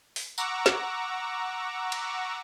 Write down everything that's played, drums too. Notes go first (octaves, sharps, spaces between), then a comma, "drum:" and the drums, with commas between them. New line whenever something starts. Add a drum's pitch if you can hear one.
drum: open hi-hat
F#5 A#5 C#6 D6 E6, drum: tambourine
drum: snare
drum: cymbal